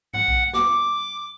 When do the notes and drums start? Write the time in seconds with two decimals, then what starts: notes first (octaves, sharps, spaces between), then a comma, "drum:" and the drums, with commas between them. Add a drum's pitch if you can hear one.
0.14 F#5, drum: tom G2
0.28 drum: kick A#1
0.53 D6, drum: snare